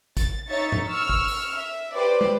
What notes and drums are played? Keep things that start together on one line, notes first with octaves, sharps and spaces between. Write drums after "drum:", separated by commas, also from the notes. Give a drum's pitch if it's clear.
A6, drum: kick, hi-hat
D#4 C#5 E5 C#6 A6
drum: tom G#2
C#6 E6 F6
drum: kick
drum: open hi-hat
E5
G4 B4 C5 D5 D6
drum: tom